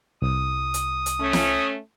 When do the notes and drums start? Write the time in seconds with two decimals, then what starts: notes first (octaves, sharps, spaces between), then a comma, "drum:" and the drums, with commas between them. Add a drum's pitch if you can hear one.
0.22 C2 D#6
0.74 drum: hi-hat
1.06 drum: hi-hat
1.19 A3 C#4
1.33 drum: snare